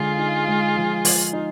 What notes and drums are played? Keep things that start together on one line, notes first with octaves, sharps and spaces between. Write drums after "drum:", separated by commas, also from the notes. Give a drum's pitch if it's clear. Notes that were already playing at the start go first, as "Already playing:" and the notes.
Already playing: D3 G#3 F4 G#4
D#4
G#3
F3
F3, drum: open hi-hat
D#4